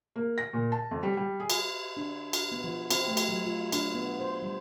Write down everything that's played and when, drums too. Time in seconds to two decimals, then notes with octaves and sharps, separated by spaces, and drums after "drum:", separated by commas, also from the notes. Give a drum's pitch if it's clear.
0.16 A#3
0.38 A#6
0.53 A#2
0.72 A5
0.91 F2
1.03 G3
1.17 G3
1.40 G#4
1.50 drum: cymbal
1.97 D4
2.33 drum: cymbal
2.52 B3
2.64 F3
2.91 C4, drum: cymbal
3.08 A3
3.17 drum: cymbal
3.29 F#3
3.45 F4
3.72 D4, drum: cymbal
3.95 B3
4.19 C5
4.43 G3